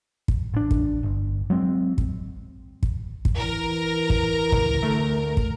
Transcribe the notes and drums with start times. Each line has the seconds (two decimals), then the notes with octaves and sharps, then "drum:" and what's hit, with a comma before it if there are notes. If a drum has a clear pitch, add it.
0.28 drum: kick
0.54 A1 D4
0.71 drum: kick
1.03 G1
1.50 F#3 G#3 C4
1.98 drum: kick
2.83 drum: kick
3.25 drum: kick
3.38 E3 A#4
4.10 drum: kick
4.52 D1 G1 C#2, drum: kick
4.83 D2 D3 A3
5.37 drum: kick